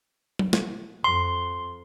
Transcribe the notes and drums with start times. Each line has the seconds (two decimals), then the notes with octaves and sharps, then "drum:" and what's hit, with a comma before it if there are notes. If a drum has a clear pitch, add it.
0.39 drum: tom F#3
0.53 drum: snare
1.04 F2 C6